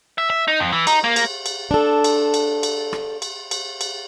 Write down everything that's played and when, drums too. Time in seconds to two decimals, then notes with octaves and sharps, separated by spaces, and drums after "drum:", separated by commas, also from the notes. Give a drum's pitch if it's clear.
0.18 E5
0.30 E5
0.48 D#4
0.60 F2
0.73 E3
0.87 D#4, drum: cymbal
1.04 A#3
1.16 drum: cymbal
1.46 drum: cymbal
1.71 D4 A4
2.04 drum: cymbal
2.34 drum: cymbal
2.63 drum: cymbal
2.93 drum: rim click
3.22 drum: cymbal
3.51 drum: cymbal
3.81 drum: cymbal